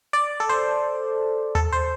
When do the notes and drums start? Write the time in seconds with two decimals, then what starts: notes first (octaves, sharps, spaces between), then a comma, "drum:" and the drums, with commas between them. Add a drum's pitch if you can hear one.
0.13 D5
0.40 A4
0.49 C5
1.55 A4, drum: tom D#2
1.72 C5